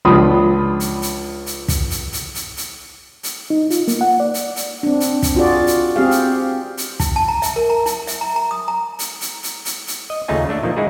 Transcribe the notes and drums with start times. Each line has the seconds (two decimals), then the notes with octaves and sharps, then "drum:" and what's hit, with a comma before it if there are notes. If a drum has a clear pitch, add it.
0.05 C#2 F3 D4 B5 C6 D#6
0.80 drum: hi-hat
1.02 drum: hi-hat
1.46 drum: hi-hat
1.68 drum: kick, hi-hat
1.91 drum: hi-hat
2.13 drum: hi-hat
2.35 drum: hi-hat
2.57 drum: hi-hat
3.23 drum: hi-hat
3.50 D#4
3.70 F4, drum: hi-hat
3.88 A#3, drum: hi-hat
4.01 F#5
4.20 D5
4.34 drum: hi-hat
4.56 drum: hi-hat
4.83 C4 D4
5.00 drum: hi-hat
5.23 drum: kick, hi-hat
5.36 F4 F#4 G#4 D5
5.67 drum: hi-hat
5.96 C4 G4 G#4 F5
6.11 drum: hi-hat
6.77 drum: hi-hat
7.00 E4, drum: kick, hi-hat
7.16 A5
7.28 A#5
7.42 E5, drum: hi-hat
7.56 A#4
7.70 A#5
7.86 E4, drum: hi-hat
8.07 E5, drum: hi-hat
8.21 A#5
8.36 A#5
8.51 D#6
8.68 A#5
8.99 drum: hi-hat
9.21 drum: hi-hat
9.43 drum: hi-hat
9.65 drum: hi-hat
9.87 drum: hi-hat
10.10 D#5
10.28 D#2 C#3 A3 D#4 F4 G#5
10.49 A3 D4 A4
10.63 A#2 D#3 F3 A#3
10.76 G#3 D#4 E4 F#4 G#4